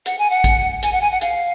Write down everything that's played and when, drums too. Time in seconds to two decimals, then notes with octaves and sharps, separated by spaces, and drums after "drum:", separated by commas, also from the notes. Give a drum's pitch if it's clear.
0.06 F#5, drum: hi-hat
0.19 G#5
0.30 F#5
0.44 drum: kick, hi-hat
0.83 G#5, drum: hi-hat
0.93 F#5
1.01 G#5
1.12 F#5
1.21 F5, drum: hi-hat